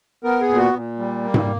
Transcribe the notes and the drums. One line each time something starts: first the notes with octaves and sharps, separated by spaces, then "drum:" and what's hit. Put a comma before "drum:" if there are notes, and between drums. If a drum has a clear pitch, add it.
B3 A#4
G#4
A#2
F#4
A#2
G3
A#3
drum: tom G#2